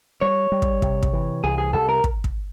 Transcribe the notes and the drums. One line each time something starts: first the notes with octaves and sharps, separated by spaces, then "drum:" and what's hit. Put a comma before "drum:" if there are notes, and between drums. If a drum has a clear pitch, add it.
G3 C#5
G3
drum: kick
C3, drum: kick
drum: kick
E3
C2 G#4
G#4
C2 A4
A#4
drum: kick
drum: kick